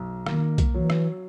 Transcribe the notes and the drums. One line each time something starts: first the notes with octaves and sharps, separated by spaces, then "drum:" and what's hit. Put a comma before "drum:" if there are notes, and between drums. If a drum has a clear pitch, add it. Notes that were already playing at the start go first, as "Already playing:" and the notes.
Already playing: B1
D#3 A#3, drum: rim click
drum: kick B1, hi-hat
E3 F#3
drum: rim click